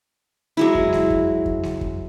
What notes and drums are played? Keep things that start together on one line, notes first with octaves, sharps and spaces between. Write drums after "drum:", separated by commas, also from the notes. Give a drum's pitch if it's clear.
F#3 G#3 E4
drum: kick F2
drum: snare G#3
drum: kick F2
drum: kick F2
drum: snare G#3
drum: kick F2